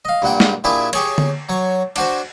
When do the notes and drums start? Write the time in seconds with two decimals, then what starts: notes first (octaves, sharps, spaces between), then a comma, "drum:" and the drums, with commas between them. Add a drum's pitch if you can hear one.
0.05 D#5 F5
0.22 G2 A#2 F#5 G5
0.40 drum: snare
0.64 A#2 D4 E4 G4 G#4 D6
0.93 G4 G#4 C#5, drum: cymbal
1.18 drum: tom D3
1.49 F#3 C#5
1.96 D4 F#4 C5, drum: cymbal